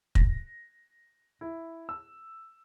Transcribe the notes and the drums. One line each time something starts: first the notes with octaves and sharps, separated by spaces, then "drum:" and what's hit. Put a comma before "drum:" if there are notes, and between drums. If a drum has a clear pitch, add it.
A#6, drum: kick
E4
E6